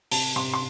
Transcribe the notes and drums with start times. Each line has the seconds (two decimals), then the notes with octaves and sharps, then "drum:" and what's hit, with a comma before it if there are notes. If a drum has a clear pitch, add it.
0.11 C3 A5, drum: open hi-hat
0.36 C3 C6
0.54 C6